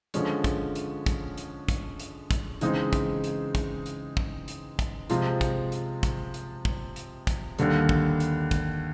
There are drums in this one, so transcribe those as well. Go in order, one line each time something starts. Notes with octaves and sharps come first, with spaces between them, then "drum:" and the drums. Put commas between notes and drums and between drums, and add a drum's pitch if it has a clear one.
D3 F3 G#3 C#4, drum: hi-hat
drum: kick, hi-hat
drum: hi-hat
drum: kick, hi-hat
drum: hi-hat
drum: kick, hi-hat
drum: hi-hat
drum: kick, hi-hat
C#3 E3 G#3 C4 D#4, drum: hi-hat
drum: kick, hi-hat
drum: hi-hat
drum: kick, hi-hat
drum: hi-hat
drum: kick
drum: hi-hat
drum: kick, hi-hat
C3 F3 G#3 C4 F4, drum: hi-hat
drum: kick, hi-hat
drum: hi-hat
drum: kick, hi-hat
drum: hi-hat
drum: kick
drum: hi-hat
drum: kick, hi-hat
D#2 D3 G3, drum: hi-hat
drum: kick
drum: hi-hat
drum: kick, hi-hat